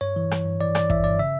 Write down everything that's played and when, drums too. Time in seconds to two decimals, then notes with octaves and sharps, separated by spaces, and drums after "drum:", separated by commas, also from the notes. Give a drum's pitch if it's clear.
0.01 G2 C#5
0.16 E3
0.31 E3, drum: rim click
0.45 G2
0.61 E3 D5
0.75 E3 D5, drum: rim click
0.90 E3 E5, drum: kick
1.04 G2 D5
1.19 C#3 E5